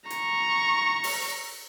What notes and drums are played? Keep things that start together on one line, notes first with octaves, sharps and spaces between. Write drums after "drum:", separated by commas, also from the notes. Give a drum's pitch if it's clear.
A#5 C#6, drum: hi-hat
drum: open hi-hat